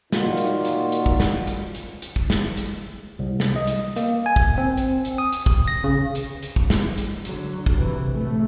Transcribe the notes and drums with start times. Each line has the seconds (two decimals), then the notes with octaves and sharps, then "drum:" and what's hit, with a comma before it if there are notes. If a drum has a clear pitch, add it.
0.12 A#2 D#3 A#3 F4 F#4, drum: snare
0.37 drum: hi-hat
0.65 drum: hi-hat
0.92 drum: hi-hat
1.06 drum: kick
1.20 drum: snare
1.47 drum: hi-hat
1.75 drum: hi-hat
2.02 drum: hi-hat
2.16 drum: kick
2.30 drum: snare
2.57 drum: hi-hat
3.19 C2
3.40 drum: snare
3.56 D#5
3.67 drum: hi-hat
3.96 A#3, drum: hi-hat
4.26 G#5
4.36 drum: kick
4.58 C4
4.77 drum: hi-hat
5.05 drum: hi-hat
5.18 D#6
5.33 drum: hi-hat
5.46 drum: kick
5.68 A#6
5.84 C#3
6.15 drum: hi-hat
6.43 drum: hi-hat
6.56 drum: kick
6.70 drum: snare
6.98 drum: hi-hat
7.25 D3 F#3, drum: hi-hat
7.66 drum: kick
7.76 C3 E3
8.13 A2 A3